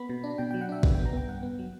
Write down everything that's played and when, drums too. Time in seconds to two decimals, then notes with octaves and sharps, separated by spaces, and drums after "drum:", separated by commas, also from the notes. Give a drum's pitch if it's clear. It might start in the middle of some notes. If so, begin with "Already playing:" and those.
Already playing: B3 B5
0.09 B2
0.24 D4
0.38 B2 G5
0.51 F#3 G5
0.61 F#5
0.69 D4 E5
0.83 B3, drum: kick
0.95 B3 G5
1.05 A#5
1.13 B3 G5
1.28 G2 F#5
1.43 B3
1.59 F#3